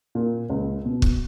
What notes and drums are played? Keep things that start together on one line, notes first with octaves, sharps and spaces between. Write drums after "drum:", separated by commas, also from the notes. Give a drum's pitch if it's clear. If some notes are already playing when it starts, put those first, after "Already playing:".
A#2
C#2
B2
drum: kick